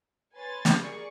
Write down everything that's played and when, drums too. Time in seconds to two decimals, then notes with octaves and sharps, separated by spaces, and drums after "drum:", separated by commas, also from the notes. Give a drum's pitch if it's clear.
0.36 B4 C#5 G#5 B5 C6 A6
0.65 drum: snare
0.78 G#4 A#4 D5 C#6